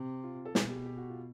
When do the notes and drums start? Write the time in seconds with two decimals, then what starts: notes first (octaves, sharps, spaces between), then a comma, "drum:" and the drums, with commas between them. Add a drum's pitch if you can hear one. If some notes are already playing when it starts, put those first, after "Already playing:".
Already playing: C3
0.24 F4
0.45 A4
0.55 B2 G#4, drum: snare
0.70 G4
0.86 G4
0.97 F#4
1.10 F4